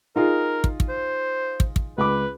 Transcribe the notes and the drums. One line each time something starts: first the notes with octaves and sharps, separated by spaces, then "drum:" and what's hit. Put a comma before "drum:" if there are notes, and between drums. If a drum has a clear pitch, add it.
D#4 F4 G#4 A#4
drum: kick
drum: kick
C5
drum: kick
drum: kick
C#2 B4 B5 D6